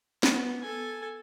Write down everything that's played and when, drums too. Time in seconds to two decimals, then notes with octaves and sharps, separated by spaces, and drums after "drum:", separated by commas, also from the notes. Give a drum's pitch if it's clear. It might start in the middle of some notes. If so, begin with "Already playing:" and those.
0.23 B3, drum: snare
0.62 A4 G#5